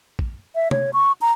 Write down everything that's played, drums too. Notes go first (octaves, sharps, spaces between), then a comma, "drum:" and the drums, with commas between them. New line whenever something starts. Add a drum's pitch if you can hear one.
drum: kick
E5
C#5, drum: tom
C#6
A#5